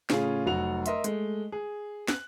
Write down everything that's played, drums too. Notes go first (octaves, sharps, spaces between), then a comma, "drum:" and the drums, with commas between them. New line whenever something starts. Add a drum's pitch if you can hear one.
A2 C#3 C#4 F4 G#4, drum: snare
F1 F#3 F#4 F7
A#4 D#5 E5 C6, drum: hi-hat
G#3 A3, drum: hi-hat
G#4
F#6, drum: snare